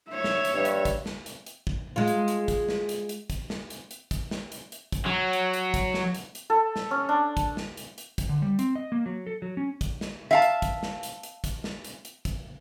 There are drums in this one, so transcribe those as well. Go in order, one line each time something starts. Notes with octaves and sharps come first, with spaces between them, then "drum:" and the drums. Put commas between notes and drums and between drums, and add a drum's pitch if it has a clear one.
C#5 E5
drum: snare
drum: hi-hat
G2
drum: hi-hat
drum: kick, hi-hat
drum: snare
drum: hi-hat
drum: hi-hat
drum: kick
G#3 F4
drum: hi-hat
drum: hi-hat
drum: kick, hi-hat
drum: snare
drum: hi-hat
drum: hi-hat
drum: kick, hi-hat
drum: snare
drum: hi-hat
drum: hi-hat
drum: kick, hi-hat
drum: snare
drum: hi-hat
drum: hi-hat
drum: kick, hi-hat
F#3
drum: hi-hat
drum: hi-hat
drum: kick, hi-hat
drum: snare
drum: hi-hat
drum: hi-hat
A4
drum: snare
C#4
D4
drum: kick, hi-hat
drum: snare
drum: hi-hat
drum: hi-hat
drum: kick, hi-hat
D3
G3
C4, drum: hi-hat
D#5
A#3
F#3
A4
F#3
C#4
drum: kick, hi-hat
drum: snare
E5 F5 A5
drum: hi-hat
drum: kick, hi-hat
drum: snare
drum: hi-hat
drum: hi-hat
drum: kick, hi-hat
drum: snare
drum: hi-hat
drum: hi-hat
drum: kick, hi-hat